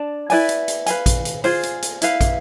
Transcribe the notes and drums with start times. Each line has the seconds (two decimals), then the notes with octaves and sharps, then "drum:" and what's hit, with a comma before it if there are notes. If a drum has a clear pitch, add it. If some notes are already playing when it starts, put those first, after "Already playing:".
Already playing: D4 D5 A5
0.30 E4 B4 D5 G#5, drum: open hi-hat
0.49 drum: hi-hat
0.68 drum: hi-hat
0.86 B4 F5 G#5, drum: hi-hat
1.06 drum: kick, hi-hat
1.25 drum: hi-hat
1.44 F4 G#4 C5, drum: open hi-hat
1.63 drum: hi-hat
1.82 drum: hi-hat
2.01 E4 B4 F5, drum: hi-hat
2.21 drum: kick, hi-hat